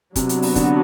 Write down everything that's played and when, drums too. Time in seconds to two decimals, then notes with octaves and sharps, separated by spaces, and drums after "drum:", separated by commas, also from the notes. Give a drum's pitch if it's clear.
0.16 C3 F#3 B3 D4 F#4, drum: kick, hi-hat
0.29 drum: hi-hat
0.42 drum: open hi-hat
0.55 D3, drum: kick, hi-hat